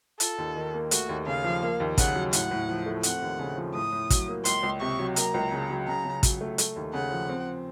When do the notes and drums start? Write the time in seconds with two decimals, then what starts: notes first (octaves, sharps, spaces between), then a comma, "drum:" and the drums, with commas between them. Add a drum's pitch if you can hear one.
0.20 F4 A4, drum: hi-hat
0.38 D#2
0.56 D#3
0.74 A#3
0.91 A3 F#4, drum: hi-hat
1.09 D#2
1.26 C#3 F5
1.44 F3
1.62 A#3
1.80 D#2
1.98 C#3 F#5, drum: kick, hi-hat
2.15 F#3
2.33 A2 F#5, drum: hi-hat
2.51 A2
2.69 F3
2.86 A3
3.03 C4 F#5, drum: hi-hat
3.22 D#2
3.39 C#3
3.57 F3
3.75 A2 D#6
3.93 A2
4.10 F#3, drum: kick, hi-hat
4.28 A#3
4.45 C#2 C6, drum: hi-hat
4.63 C#2
4.81 C3 C#6
4.99 F#3
5.16 A#3 A#5, drum: hi-hat
5.34 C#2
5.52 C#3
5.70 F#3
5.87 C#3 A#5
6.05 C#3
6.23 F#3, drum: kick, hi-hat
6.41 A3
6.58 A3, drum: hi-hat
6.76 D#2
6.93 C#3 F#5
7.11 F3
7.29 C4